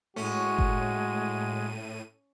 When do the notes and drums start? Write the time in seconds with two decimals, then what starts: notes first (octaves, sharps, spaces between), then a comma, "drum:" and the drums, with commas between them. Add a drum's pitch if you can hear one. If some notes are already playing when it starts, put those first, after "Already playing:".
0.16 A2 G#3 C#4 F#4 D#7
0.58 drum: kick G1